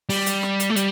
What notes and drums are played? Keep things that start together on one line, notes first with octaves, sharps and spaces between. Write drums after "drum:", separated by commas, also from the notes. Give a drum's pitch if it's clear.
G3, drum: open hi-hat
drum: hi-hat
drum: snare
drum: hi-hat
A3
G3, drum: hi-hat